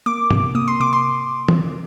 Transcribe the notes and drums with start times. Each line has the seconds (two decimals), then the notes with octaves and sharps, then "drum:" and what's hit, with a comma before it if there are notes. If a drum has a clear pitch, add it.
0.06 A#3 D6
0.31 C3, drum: tom G#2
0.55 A#3 D#6
0.68 C6
0.80 C3 D6
0.93 C6
1.48 drum: tom E3